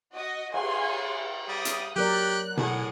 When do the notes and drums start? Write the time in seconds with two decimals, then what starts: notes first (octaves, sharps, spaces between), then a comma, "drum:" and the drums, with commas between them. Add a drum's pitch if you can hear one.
0.15 F#4 D#5
0.54 G#5 C6, drum: cymbal
1.49 G3 D#6
1.65 drum: hi-hat
1.96 F#3 G4 A#4 D5 F#6
2.57 A2 G#4 F#5 G#5, drum: tom B2